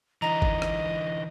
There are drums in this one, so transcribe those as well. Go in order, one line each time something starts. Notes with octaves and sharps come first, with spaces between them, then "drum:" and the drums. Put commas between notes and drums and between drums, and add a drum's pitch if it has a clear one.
D3 E3 D#5 A#5 A#6
drum: kick G1
drum: rim click